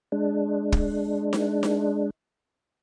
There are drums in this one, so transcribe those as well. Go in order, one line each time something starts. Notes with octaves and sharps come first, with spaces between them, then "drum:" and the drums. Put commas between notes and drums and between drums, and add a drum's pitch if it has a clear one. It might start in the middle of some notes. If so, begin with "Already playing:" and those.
G#3 D4
drum: kick
drum: snare D#4
drum: snare D#4